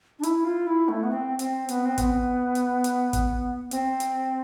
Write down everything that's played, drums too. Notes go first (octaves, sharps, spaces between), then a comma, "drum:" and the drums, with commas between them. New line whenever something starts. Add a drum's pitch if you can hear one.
D4
E4, drum: hi-hat
F4
E4
A3
B3
C4
C4, drum: hi-hat
B3, drum: hi-hat
C4
B3, drum: kick, hi-hat
drum: hi-hat
drum: hi-hat
drum: kick, hi-hat
C4, drum: hi-hat
drum: hi-hat